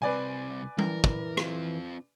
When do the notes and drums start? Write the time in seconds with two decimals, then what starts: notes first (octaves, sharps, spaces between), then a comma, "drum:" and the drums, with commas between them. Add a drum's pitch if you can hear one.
0.02 C2 C4 B4 D5 G#5
0.78 E3 A#4, drum: tom G3
1.04 drum: kick
1.37 C4 F4, drum: rim click